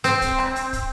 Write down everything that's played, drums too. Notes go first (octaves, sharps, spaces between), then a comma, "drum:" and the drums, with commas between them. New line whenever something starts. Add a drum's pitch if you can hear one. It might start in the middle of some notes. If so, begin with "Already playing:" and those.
C4, drum: hi-hat
drum: kick, hi-hat
drum: rim click
drum: hi-hat
drum: kick, hi-hat